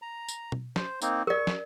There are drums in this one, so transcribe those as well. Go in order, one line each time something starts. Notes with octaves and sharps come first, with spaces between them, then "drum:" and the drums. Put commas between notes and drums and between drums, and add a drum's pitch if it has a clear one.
A#5
drum: tambourine
drum: tom B2
C5, drum: snare
A#3 C4 D#4, drum: tambourine
A#4 D5 C#6
drum: snare